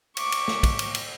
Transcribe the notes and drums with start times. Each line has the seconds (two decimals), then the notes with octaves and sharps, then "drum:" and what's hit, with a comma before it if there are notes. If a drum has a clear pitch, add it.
0.17 C#6 D6, drum: cymbal
0.32 drum: cymbal
0.48 drum: snare
0.63 drum: kick, cymbal
0.79 drum: cymbal
0.95 drum: cymbal